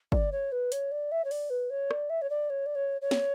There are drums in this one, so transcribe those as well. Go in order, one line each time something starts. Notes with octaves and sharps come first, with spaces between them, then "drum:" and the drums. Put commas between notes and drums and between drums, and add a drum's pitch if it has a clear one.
D5, drum: kick
C#5
B4
C#5, drum: hi-hat
D5
E5
C#5
D5, drum: open hi-hat
B4
C#5
D5, drum: rim click
E5
C#5
D5
C#5
D5
C#5
C#5
drum: snare